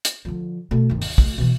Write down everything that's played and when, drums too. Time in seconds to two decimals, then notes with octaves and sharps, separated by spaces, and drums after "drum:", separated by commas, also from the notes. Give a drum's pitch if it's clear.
0.05 drum: hi-hat
0.25 D3 F3
0.71 B2 A3
0.89 G1 D#3
1.02 D#2, drum: open hi-hat
1.18 D2, drum: kick
1.38 B2 E3